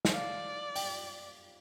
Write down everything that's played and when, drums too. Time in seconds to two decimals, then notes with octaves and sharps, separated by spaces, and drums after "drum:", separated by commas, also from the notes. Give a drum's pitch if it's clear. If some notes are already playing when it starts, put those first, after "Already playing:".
0.05 drum: snare
0.14 D5 F5
0.76 G5, drum: open hi-hat